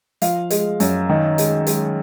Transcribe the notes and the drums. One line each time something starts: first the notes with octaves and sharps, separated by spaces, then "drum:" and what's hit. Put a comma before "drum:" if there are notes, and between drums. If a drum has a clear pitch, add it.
F3 F5, drum: hi-hat
G#3, drum: hi-hat
F#2, drum: hi-hat
D#3
G#3, drum: hi-hat
G#3, drum: hi-hat